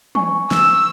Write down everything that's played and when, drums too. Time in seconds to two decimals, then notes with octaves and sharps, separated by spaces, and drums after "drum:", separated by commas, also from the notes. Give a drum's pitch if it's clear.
0.15 G#5 C#6, drum: tom
0.51 E6, drum: snare